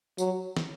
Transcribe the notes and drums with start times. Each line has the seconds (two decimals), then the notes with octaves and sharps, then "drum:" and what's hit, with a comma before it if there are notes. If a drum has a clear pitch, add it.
0.18 F#3, drum: tambourine
0.57 drum: snare